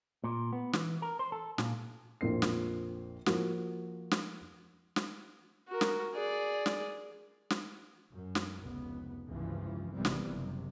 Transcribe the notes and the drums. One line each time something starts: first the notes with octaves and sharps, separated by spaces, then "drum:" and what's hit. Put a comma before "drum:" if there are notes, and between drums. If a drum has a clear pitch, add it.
A#2
B3
E3, drum: snare
A#4
C5
A4
A#2, drum: snare
A#1 F2 F3 A#3 C4 C7
drum: snare
F3 A#3 F#4, drum: snare
drum: snare
drum: snare
F#4 A#4
drum: snare
G#4 D5
drum: snare
drum: snare
F#2
drum: snare
F1 C#2 B3
F1 C#2 G2 E3 F3
G#1 C3 E3 G3 B3 C4
drum: snare
F#1 C3